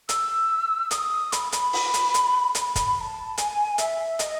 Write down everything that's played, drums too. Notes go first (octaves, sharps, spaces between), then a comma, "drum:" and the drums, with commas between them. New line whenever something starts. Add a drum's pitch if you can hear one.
E6, drum: hi-hat
D#6, drum: hi-hat
B5, drum: hi-hat
B5, drum: hi-hat
drum: open hi-hat
drum: hi-hat
drum: hi-hat
B5, drum: hi-hat
drum: kick, hi-hat
B5
A5
G#5, drum: hi-hat
E5, drum: hi-hat
D#5, drum: hi-hat